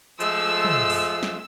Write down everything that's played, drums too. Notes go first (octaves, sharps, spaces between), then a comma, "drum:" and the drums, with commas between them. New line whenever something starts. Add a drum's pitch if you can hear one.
F3 G#3 A3 E6, drum: hi-hat
drum: tom
drum: open hi-hat
drum: snare